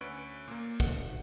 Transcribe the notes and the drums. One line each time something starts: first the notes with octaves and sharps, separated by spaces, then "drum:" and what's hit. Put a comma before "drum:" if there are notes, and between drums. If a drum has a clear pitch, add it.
D2 C#4 B4 C#6 D7
A#2 A#3
F#5, drum: kick